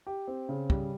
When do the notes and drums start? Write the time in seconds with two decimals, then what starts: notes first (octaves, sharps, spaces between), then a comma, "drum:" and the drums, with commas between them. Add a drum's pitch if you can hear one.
0.07 G4
0.28 C4
0.49 C#3
0.70 G3, drum: kick